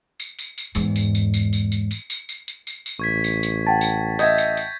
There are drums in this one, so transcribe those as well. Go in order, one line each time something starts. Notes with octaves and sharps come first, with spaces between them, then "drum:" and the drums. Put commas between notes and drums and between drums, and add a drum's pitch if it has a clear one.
drum: tambourine
drum: tambourine
drum: tambourine
E2 G#2, drum: tambourine
drum: tambourine
drum: tambourine
drum: tambourine
drum: tambourine
drum: tambourine
drum: tambourine
drum: tambourine
drum: tambourine
drum: tambourine
drum: tambourine
drum: tambourine
A1 C#6 G#6 B6
drum: tambourine
drum: tambourine
F#5 G5 A5 A6
drum: tambourine
D#5 E5 G6 G#6, drum: tambourine
drum: tambourine
drum: tambourine